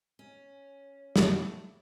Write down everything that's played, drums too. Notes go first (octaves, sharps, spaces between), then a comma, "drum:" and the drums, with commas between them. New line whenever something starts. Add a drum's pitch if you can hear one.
C#4
A3, drum: snare